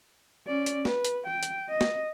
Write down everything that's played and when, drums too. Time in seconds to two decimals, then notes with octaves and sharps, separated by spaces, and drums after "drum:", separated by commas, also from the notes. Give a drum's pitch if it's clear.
0.47 C#4 D5
0.66 drum: hi-hat
0.85 B4, drum: snare
1.05 drum: hi-hat
1.27 G5
1.43 drum: hi-hat
1.69 D#5
1.81 drum: snare